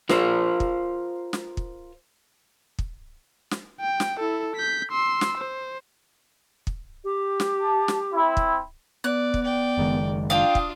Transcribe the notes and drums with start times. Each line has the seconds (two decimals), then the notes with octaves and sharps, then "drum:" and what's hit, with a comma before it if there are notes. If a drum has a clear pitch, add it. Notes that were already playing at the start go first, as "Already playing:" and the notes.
0.09 F4 A#4 C5, drum: snare
0.60 drum: kick
1.33 drum: snare
1.57 drum: kick
2.79 drum: kick
3.51 drum: snare
3.81 G5
4.00 drum: snare
4.20 E4 A4
4.56 G6 B6
4.92 C6 E6
5.21 drum: snare
5.38 C5
6.67 drum: kick
7.04 G4
7.40 drum: snare
7.60 A5
7.88 drum: snare
8.12 C4 E4
8.37 drum: kick
9.04 B3 D5 F#6
9.34 drum: kick
9.43 D5 G5
9.78 F#1 D#3 G#3
10.30 D4 F4 F5 G5 D#6
10.55 drum: kick